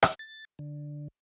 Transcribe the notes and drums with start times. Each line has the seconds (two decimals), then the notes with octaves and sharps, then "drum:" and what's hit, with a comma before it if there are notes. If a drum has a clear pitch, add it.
0.03 E6, drum: rim click
0.19 A6
0.59 D3